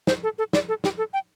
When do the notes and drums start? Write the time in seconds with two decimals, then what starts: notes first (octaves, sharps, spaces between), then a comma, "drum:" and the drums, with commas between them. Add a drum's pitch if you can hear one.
0.07 C5, drum: snare
0.23 A4
0.38 A4
0.53 D5, drum: snare
0.69 A4
0.84 G4, drum: snare
0.98 A4
1.13 G5